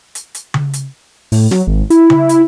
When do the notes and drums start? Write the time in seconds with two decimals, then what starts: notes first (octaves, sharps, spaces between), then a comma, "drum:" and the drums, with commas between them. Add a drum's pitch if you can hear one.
0.15 drum: hi-hat
0.35 drum: hi-hat
0.54 drum: tom C#3
0.73 drum: hi-hat
1.32 A2, drum: open hi-hat
1.51 F#3, drum: snare
1.67 G#1
1.90 E4, drum: hi-hat
2.10 drum: tom C#3
2.29 drum: hi-hat